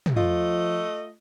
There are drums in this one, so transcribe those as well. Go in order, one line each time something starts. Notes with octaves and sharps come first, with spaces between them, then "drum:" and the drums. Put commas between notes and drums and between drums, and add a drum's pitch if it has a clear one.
drum: tom
F3 A3 F4 D#5